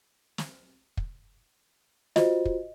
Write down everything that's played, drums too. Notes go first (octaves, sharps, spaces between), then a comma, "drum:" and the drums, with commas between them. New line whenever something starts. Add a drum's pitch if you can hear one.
drum: snare
drum: kick
F4 F#4 C5 D#5, drum: snare
drum: kick